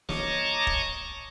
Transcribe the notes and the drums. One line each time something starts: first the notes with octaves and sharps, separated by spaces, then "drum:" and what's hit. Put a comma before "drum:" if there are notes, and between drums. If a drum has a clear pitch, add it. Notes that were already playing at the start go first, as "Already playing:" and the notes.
C#5 D#5 A5 A#5 C#6 D6, drum: snare
drum: kick